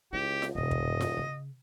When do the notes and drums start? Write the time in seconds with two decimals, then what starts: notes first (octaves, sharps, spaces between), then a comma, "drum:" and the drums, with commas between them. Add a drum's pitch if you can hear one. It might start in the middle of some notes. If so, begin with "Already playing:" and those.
0.13 C#2 E4 G4
0.42 drum: snare F4
0.55 E1 G2 C3 D#5
0.71 drum: kick
1.01 drum: snare F4
1.17 C#3